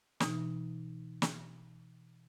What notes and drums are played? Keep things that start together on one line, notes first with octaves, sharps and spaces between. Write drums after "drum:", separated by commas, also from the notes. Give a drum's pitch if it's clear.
B2 E3 D#4, drum: snare
drum: snare